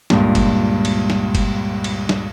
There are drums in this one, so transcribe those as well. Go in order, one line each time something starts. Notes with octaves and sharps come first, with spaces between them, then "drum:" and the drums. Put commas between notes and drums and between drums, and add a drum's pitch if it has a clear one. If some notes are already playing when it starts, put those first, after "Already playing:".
C#2 G2 A#2, drum: snare
drum: kick G1, cymbal
drum: cymbal
drum: snare
drum: kick G1, cymbal
drum: cymbal
drum: snare